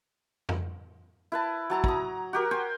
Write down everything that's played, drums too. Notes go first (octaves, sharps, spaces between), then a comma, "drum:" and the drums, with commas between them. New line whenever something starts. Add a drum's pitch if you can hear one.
drum: tom F2
E4 B4 A5
F#3 A5 A#5
A#5 D#6, drum: kick
F#4 G4 A#4
C5 G5 G#5